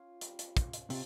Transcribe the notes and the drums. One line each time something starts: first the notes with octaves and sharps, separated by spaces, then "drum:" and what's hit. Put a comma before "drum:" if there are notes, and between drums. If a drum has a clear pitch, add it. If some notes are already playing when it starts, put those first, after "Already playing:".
Already playing: C#4 F4
G3, drum: hi-hat
drum: hi-hat
C#4 F4, drum: kick, hi-hat
drum: hi-hat
C3 F3, drum: open hi-hat